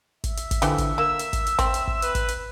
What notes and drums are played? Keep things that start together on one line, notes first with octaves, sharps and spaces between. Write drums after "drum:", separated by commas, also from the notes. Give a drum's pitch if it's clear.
E5, drum: kick, hi-hat
drum: hi-hat
drum: kick, hi-hat
D3 E3 F3 G4, drum: hi-hat
drum: kick, hi-hat
A#3 E6
drum: hi-hat
drum: kick, hi-hat
drum: hi-hat
C4, drum: kick, hi-hat
drum: hi-hat
drum: kick
B4, drum: hi-hat
drum: kick, hi-hat
drum: hi-hat